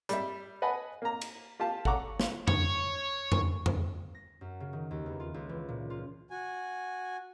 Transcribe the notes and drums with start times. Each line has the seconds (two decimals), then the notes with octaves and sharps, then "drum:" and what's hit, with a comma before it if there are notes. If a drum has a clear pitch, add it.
0.09 G3 E5, drum: hi-hat
0.62 B4 D#5 F#5 G#5 A5 B5
1.02 A#3 A#5
1.21 drum: cymbal
1.60 F4 G4 F5 A5
1.85 A4 F#5 A#5 C#6 D6, drum: kick G1
2.20 drum: snare
2.48 C#5, drum: tom F2
3.32 drum: tom F2
3.66 drum: tom F2
4.15 A#6
4.41 F#2
4.60 C#3
4.73 D#3
4.91 D#2
5.06 E2
5.20 F4
5.34 C#2
5.49 E3
5.69 A#2
5.90 F4
6.31 F#4 G#5